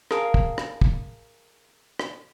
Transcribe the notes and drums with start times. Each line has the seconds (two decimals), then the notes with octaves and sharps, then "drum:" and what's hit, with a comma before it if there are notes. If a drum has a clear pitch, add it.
0.11 G#4 A#4 F5 A5, drum: rim click
0.34 drum: kick
0.58 drum: rim click
0.81 drum: kick
1.99 drum: rim click